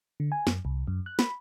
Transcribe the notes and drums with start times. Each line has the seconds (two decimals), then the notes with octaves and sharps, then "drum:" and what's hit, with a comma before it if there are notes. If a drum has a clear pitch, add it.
0.20 D3
0.32 G#5
0.47 F#2, drum: snare
0.65 C2
0.87 F#2
1.06 F#6
1.19 B5, drum: snare